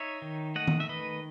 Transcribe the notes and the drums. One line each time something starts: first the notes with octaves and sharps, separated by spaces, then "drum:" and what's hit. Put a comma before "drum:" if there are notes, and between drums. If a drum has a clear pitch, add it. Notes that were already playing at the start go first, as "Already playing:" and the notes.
Already playing: D#4 C#5 E5
D#3
A3 D#5 F#5
drum: tom D#3
E5
D#3 B4 D#5